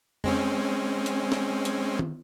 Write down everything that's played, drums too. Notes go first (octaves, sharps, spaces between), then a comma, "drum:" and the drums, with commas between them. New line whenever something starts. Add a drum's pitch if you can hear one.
G#3 C4 C#4, drum: tom F2
drum: hi-hat
drum: snare
drum: hi-hat
drum: tom D#3